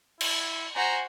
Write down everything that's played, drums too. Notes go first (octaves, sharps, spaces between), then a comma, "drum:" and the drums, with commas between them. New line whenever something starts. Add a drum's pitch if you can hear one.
E4, drum: cymbal
F#4 C5 G#5 A#5